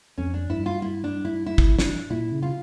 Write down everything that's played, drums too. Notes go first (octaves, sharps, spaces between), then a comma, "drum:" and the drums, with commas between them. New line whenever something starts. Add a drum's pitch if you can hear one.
F2 C#4
D4
G2 E4
F4
E4
D4
E4
E4
drum: kick
D4, drum: snare
A#2 E4
C#3
F4